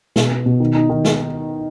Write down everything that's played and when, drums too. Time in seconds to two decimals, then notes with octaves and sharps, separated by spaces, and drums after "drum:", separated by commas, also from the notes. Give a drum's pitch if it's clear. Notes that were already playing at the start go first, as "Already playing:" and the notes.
0.16 B2, drum: snare
0.32 B3
0.46 B2
0.60 D#3
0.75 D#4
0.90 D#3
1.05 drum: snare